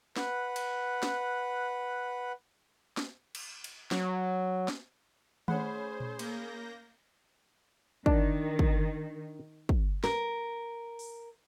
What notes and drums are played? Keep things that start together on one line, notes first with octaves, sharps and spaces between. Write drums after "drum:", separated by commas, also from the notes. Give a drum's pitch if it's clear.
B4 F#5, drum: snare
drum: cymbal
drum: snare
drum: snare
drum: cymbal
drum: cymbal
F#3, drum: snare
drum: snare
A3 C#4 G#4 C5 F#5 B5, drum: tom D#3
drum: tom A#2
A#3 G6 A#6, drum: cymbal
D#3 D4, drum: kick
drum: kick
drum: kick
A#4, drum: snare
drum: open hi-hat